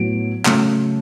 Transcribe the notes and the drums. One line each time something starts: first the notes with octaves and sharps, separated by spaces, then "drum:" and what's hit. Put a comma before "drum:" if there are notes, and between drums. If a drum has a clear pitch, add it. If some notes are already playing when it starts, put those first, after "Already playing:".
Already playing: A2 F#3 B3 D7
C#3 F#3 A3, drum: clap